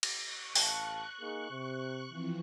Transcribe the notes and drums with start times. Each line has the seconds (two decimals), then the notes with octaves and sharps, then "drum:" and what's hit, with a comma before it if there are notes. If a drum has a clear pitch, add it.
0.03 drum: cymbal
0.22 C#6 F#6
0.55 A1 F5 A5, drum: open hi-hat
1.21 A#3 D#4 G#4
1.51 C3
2.08 E3 F3 C4